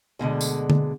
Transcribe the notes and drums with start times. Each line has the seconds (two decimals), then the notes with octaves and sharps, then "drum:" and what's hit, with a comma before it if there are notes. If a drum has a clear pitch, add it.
0.19 D2 B2 D3 G#3
0.41 drum: tambourine
0.70 drum: tom D3